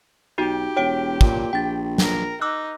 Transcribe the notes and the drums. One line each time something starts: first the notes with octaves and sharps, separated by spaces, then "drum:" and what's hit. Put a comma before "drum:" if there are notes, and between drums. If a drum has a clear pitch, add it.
B1 D#4 F#4 G4
E1 C#5 G5 D7
A#2, drum: kick
A#1 G5 A6
A#4, drum: snare
D#4 D6 E6 F#6